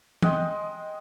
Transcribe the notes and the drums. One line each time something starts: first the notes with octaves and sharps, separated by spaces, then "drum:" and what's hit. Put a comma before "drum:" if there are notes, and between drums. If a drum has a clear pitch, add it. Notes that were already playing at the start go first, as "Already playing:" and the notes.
G#3 D#5 G5, drum: tom E3